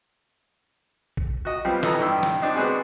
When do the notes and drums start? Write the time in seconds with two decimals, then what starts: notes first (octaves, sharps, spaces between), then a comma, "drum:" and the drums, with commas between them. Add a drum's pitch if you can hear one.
1.17 drum: kick A#1
1.45 F#4 D#5
1.65 F3 G3 B3 C4 C5
1.83 A1 E3 A4 D#5 A#5, drum: snare
2.00 G2 D#3 E6
2.23 drum: snare
2.42 C4 D4 D#4
2.55 G#3 B3 C4 D4 F#4 G#4